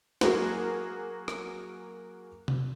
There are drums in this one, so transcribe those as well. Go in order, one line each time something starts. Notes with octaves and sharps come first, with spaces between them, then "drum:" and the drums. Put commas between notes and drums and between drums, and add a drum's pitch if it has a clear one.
F#3 A#3 F#4 G#4 A#4, drum: snare
drum: rim click
drum: tom C3